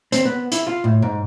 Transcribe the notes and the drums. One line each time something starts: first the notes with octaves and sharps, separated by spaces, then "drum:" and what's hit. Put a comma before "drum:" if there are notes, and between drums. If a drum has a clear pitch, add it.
C4, drum: hi-hat
B3
E4, drum: hi-hat
F4
A2
G#2